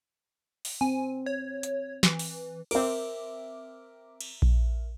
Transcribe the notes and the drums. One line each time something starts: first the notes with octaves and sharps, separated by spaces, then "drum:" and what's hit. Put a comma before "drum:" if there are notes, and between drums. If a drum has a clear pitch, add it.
drum: open hi-hat
C4 G#5
C#5
drum: hi-hat
E3, drum: snare
drum: open hi-hat
C4 A#4 E5 D6, drum: cymbal
drum: cymbal
drum: kick A#1